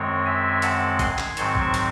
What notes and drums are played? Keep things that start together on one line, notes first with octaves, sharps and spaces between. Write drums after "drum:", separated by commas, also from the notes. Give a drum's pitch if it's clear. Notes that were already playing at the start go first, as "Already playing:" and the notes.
Already playing: F#2 D#3 G#3 C4 C#5
E5 G#5
F#5 A5, drum: hi-hat
G#5 C6, drum: kick, hi-hat
drum: clap
G#2 D#3 F#3 C4 A5 C#6, drum: hi-hat
drum: kick
drum: hi-hat